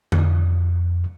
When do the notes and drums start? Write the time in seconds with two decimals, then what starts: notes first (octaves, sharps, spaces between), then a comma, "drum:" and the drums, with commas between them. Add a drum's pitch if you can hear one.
0.12 F2, drum: tom D3